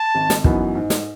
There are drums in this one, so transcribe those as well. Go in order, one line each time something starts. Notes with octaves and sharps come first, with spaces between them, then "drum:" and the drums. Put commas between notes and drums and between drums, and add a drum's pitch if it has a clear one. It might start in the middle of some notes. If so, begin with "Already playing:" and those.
Already playing: A5
G#1
drum: snare
F#2 E3 B3 D#4, drum: kick
G#2
drum: snare